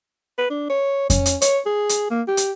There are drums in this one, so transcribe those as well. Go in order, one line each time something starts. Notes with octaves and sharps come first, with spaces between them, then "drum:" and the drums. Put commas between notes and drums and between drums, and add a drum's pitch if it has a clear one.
B4
D4
C#5
C#4, drum: kick F2, hi-hat
drum: hi-hat
C#5, drum: hi-hat
G#4
drum: hi-hat
A#3
G4
drum: hi-hat